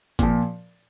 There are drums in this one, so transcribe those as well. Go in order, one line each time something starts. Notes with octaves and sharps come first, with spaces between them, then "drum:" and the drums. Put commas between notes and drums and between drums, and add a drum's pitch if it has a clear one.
A#2 F3, drum: kick G1, hi-hat